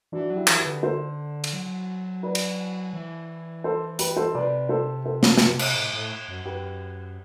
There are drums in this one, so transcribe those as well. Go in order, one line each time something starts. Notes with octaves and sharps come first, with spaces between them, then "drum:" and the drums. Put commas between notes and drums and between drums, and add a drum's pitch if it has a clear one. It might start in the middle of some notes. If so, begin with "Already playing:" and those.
E3 D4 F#4
F#3
E4 G4
E3, drum: clap
G4 B4
D3
A4 C5
drum: cymbal
F#3
B4 D5
drum: cymbal
E3
A4 C5
G4 B4, drum: hi-hat
A4 C5
C3 B4 D5
A4 C5
A4 C5
drum: snare
drum: snare
drum: cymbal
A2
A2
F#2
F#2 G4 B4